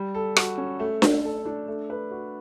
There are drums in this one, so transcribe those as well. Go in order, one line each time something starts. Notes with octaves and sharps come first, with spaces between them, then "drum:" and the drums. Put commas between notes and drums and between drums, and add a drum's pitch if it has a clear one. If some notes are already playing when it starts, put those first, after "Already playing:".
Already playing: G3
A4
F#4, drum: rim click
C#4
A3
A3, drum: snare D4
A4
D4
A3
B4
F#4